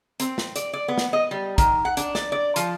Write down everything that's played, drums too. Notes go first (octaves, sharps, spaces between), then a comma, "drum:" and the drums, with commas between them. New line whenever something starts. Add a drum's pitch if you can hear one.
C4, drum: hi-hat
drum: snare
D5, drum: hi-hat
D5
B3
drum: snare
D#5
G3
D#3, drum: kick, hi-hat
F#5
D4, drum: hi-hat
D5, drum: snare
D5
F3, drum: hi-hat